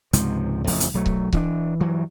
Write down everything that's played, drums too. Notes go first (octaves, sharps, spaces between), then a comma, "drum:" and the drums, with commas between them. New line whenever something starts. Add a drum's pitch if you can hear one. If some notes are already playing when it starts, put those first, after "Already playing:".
C#2 G#2 C3 F3, drum: hi-hat
A1 F2 C#3 F3, drum: open hi-hat
drum: hi-hat
B1 F#3 A3
drum: kick C#1
E3 C#4 D4, drum: kick C#1
G2 E3 F#3